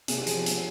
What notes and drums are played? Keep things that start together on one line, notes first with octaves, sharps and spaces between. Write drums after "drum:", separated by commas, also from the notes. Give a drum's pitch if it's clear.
C3 G#4, drum: hi-hat
G4
F3 G#4, drum: hi-hat
C3, drum: hi-hat